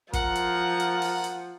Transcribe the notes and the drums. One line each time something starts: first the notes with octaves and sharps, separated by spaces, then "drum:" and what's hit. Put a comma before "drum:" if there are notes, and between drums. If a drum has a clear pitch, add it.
F3 A#4 F#5, drum: kick, hi-hat
drum: hi-hat
drum: hi-hat
drum: open hi-hat
drum: hi-hat